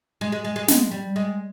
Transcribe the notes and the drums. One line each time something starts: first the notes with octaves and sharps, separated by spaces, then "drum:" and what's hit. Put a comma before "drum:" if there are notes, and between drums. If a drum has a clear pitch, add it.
G#3
G#3
G#3
G#3
G#3, drum: snare
G3
G#3